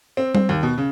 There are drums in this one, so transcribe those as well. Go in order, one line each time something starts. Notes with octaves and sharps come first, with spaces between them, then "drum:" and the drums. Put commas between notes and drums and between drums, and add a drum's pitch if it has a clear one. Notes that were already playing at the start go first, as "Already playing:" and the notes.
C4
C4, drum: tom G3
D#2
B2
C#3